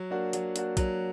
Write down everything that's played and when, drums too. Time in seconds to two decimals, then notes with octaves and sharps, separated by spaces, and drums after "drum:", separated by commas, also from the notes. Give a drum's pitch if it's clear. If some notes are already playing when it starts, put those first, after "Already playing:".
Already playing: F#3
0.10 A#3 D4 F#4
0.33 F#3, drum: hi-hat
0.56 A#3 D4 F#4, drum: hi-hat
0.77 F#3, drum: kick A#1, hi-hat